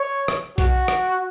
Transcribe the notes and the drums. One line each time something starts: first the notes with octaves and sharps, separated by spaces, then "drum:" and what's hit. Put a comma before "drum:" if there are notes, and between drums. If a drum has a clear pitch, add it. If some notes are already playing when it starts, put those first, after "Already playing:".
Already playing: C#5
drum: rim click
F#4, drum: kick B1, hi-hat
drum: rim click